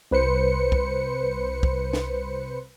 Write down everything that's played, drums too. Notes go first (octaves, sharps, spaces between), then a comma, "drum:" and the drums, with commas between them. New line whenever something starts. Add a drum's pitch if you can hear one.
C2 B4 C5 C#7
drum: kick
drum: kick
drum: snare